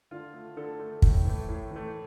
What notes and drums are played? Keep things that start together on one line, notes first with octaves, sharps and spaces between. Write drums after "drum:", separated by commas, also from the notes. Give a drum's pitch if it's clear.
D3 F4
A3
D3 A4
A3
A2, drum: kick
E3 A3
A2
E3 A3